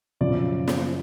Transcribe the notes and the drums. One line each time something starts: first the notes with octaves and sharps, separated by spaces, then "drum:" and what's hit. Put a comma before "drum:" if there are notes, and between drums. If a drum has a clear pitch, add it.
F#2 C#3 F3 D5
drum: snare